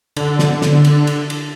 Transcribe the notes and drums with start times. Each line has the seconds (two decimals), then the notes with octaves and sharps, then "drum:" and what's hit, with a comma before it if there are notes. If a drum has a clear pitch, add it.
0.16 D3, drum: cymbal
0.39 drum: snare
0.62 drum: snare
0.85 drum: cymbal
1.07 drum: cymbal
1.30 drum: cymbal